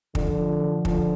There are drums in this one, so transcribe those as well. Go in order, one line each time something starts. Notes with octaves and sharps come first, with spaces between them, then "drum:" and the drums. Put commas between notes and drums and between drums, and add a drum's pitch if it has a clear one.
F2 D3, drum: kick
F3
F3
D3 F3, drum: kick